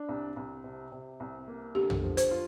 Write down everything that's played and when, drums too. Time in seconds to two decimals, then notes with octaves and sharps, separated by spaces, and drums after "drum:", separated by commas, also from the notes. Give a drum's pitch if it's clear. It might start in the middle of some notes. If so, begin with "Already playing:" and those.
Already playing: D4
0.09 C2
0.36 C2
0.64 C3
0.92 C3
1.20 C2
1.48 A#3
1.75 D3 G4
1.90 drum: tom
2.04 F3
2.17 C5, drum: hi-hat
2.31 F4